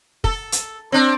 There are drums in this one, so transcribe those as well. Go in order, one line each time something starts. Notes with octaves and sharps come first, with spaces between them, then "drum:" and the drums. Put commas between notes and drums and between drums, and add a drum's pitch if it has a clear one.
A4, drum: kick
drum: hi-hat
C4 D4